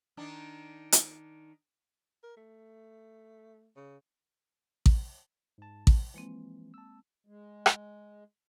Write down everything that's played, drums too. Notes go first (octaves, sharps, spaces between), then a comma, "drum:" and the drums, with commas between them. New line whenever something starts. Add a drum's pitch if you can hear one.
D#3 D4 D#4
drum: hi-hat
A#4
A3
C#3
drum: kick A1
G#2 A5
drum: kick A1
E3 F3 G#3 A#3 C4
A5 E6
G#3
drum: rim click